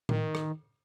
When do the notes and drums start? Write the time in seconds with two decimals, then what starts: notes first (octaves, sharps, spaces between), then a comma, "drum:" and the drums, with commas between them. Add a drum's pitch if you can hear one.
0.09 D#3, drum: tom A2
0.35 drum: rim click